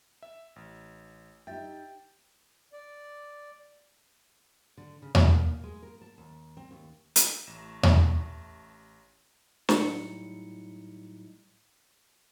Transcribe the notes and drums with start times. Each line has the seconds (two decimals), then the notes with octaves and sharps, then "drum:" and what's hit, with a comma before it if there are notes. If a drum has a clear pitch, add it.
0.23 E5
0.56 A1
1.47 D#4 G4 E5 G5 A6
2.73 D5
4.77 D3
5.02 C#3
5.15 F#4, drum: tom E2
5.34 A#3
5.64 G#3
5.83 A#4
6.01 A5
6.18 D#2
6.57 C4
6.71 D#2
7.16 drum: hi-hat
7.47 A1 A3 A#6 E7
7.83 drum: tom E2
9.69 A2 F#3 G3 D#4 E4 C#7, drum: snare